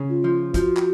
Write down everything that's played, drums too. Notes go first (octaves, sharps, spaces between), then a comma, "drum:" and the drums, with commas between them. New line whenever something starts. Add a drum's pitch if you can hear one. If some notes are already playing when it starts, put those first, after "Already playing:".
Already playing: C#3
F4
F3
F3 F#4, drum: kick, hi-hat
drum: clap